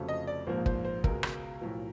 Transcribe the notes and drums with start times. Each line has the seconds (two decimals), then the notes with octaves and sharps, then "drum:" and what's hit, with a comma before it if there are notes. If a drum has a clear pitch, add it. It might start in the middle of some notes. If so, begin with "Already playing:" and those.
Already playing: F1 F2 C#3 F#3 A3
0.08 D#5
0.27 D5
0.47 A#1 G#2 F3 A#3 C5
0.66 C5, drum: kick
0.85 C5
1.04 C#2 B2 G#3 A#4, drum: kick
1.23 drum: rim click
1.61 B1 A2 F3